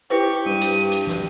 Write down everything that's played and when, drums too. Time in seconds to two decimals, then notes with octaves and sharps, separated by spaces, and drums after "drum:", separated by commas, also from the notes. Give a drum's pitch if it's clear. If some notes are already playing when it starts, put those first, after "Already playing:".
0.10 E4 G4 B4 C5 C#6
0.46 G2 D#7
0.61 drum: hi-hat
0.92 drum: hi-hat
1.07 drum: snare